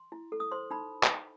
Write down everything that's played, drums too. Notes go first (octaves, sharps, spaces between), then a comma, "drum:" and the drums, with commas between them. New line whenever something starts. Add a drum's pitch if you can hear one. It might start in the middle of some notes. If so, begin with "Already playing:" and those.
Already playing: C6
E4
A4
D#6
C5 C6
D#4 B5
drum: clap